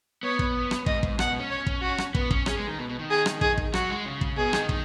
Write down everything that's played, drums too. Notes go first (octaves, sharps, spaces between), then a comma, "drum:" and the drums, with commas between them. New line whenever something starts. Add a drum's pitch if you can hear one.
B3 C#5
drum: kick
drum: rim click
G#2 D#5, drum: kick
drum: kick
B2 F#5, drum: rim click
B2
C#4
C#5
drum: kick
F#4
drum: rim click
B3, drum: kick
C#4, drum: kick
C#4 G#4, drum: rim click
G#3
D#3
B2
B2
D#3
G#4
drum: rim click
G#4, drum: kick
drum: kick
F#3 F#4, drum: rim click
G#3
C#3
drum: kick
B2 G#4
D#3, drum: rim click
D#3, drum: kick